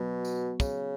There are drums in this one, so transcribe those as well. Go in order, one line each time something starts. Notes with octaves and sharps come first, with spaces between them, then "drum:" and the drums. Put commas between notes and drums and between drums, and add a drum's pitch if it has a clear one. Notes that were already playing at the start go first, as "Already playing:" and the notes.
Already playing: B2 F#3 B3 F#4
drum: tambourine
C#3, drum: kick, tambourine